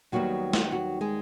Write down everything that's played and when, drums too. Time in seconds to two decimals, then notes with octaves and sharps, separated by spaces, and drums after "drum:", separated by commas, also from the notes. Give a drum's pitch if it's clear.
0.12 D#2 D#3 F#3 G3 B3 F#4
0.53 drum: snare
0.71 F#3 F#4
1.01 G#3 G#4